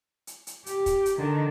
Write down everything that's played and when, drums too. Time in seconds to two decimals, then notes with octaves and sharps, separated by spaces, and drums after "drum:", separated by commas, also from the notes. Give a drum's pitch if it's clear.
0.27 drum: hi-hat
0.47 drum: hi-hat
0.66 G4, drum: hi-hat
0.86 drum: kick, hi-hat
1.06 drum: hi-hat
1.18 D3 D#3